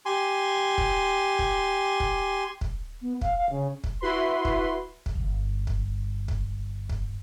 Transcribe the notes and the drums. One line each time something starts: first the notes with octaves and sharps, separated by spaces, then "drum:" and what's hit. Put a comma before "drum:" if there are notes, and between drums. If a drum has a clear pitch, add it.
G4 G#5 C6
drum: kick
drum: kick
drum: kick
drum: kick
B3
F5, drum: kick
F5
C#3
drum: kick
E4 F#4 B4 B5 C6
drum: kick
drum: kick
D1 G1
drum: kick
drum: kick
drum: kick